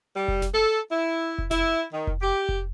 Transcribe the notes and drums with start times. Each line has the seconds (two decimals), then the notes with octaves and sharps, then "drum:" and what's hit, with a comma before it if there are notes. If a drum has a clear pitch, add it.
0.16 G3
0.28 drum: kick F1
0.42 drum: snare F#1
0.53 A4
0.91 E4
1.39 drum: kick F1
1.51 E4, drum: snare F#1
1.94 D#3
2.07 drum: kick F1
2.21 G4
2.49 drum: kick F1